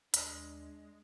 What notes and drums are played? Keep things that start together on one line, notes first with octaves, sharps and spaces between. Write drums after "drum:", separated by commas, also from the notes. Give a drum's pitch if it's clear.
D#2 G#3 D4, drum: hi-hat